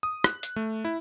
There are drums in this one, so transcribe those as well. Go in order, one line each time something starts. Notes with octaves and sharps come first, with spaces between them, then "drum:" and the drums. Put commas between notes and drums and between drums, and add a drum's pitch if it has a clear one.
D#6
F#6, drum: rim click
drum: hi-hat
A3
E4